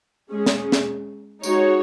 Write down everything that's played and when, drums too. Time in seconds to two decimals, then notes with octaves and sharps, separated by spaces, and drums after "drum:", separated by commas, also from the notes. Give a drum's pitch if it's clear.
0.29 G#3 C#4 G#4
0.46 drum: snare
0.72 drum: snare
1.43 G#3 D#4 F#4 C#5, drum: tambourine